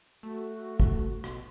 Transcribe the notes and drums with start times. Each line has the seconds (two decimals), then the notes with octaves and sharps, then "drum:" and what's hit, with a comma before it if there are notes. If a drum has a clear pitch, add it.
0.23 A3 F#4
0.80 drum: kick
1.24 B2, drum: rim click